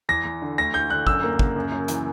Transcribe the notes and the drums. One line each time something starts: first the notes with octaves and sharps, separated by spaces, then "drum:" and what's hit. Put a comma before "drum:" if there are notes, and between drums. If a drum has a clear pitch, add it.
E2 A#6
E2
D3
D2 A#6
D2 G6
D3 F#6
F#2 E6, drum: kick
A#3
C#3, drum: kick
F#2
F#2
E3, drum: hi-hat